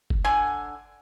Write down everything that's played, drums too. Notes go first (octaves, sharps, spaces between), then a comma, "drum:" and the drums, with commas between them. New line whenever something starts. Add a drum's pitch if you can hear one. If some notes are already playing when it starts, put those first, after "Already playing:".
drum: kick F#1
D3 G#5